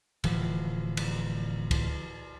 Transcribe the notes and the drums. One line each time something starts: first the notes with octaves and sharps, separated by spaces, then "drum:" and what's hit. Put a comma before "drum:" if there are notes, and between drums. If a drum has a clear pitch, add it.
D1 E3 F3, drum: cymbal
drum: cymbal
drum: kick, cymbal